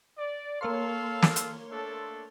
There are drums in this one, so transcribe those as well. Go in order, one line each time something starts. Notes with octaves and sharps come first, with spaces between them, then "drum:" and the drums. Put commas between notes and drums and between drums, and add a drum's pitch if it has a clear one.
D5
A#3 A4 C#5 F5 C6
drum: snare
drum: hi-hat
A3 D4 A4